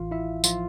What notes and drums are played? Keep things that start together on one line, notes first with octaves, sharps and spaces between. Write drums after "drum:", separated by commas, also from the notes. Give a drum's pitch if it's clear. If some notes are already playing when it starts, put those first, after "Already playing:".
Already playing: A1 A2 E3 F4 F5
E4 E5
F3 F4, drum: tambourine